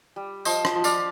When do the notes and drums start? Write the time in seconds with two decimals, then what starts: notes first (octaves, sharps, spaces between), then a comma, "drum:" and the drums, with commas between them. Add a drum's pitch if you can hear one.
0.16 G3
0.45 F3 C5 D#5, drum: tambourine
0.65 drum: rim click
0.75 F3
0.84 D5 F5, drum: tambourine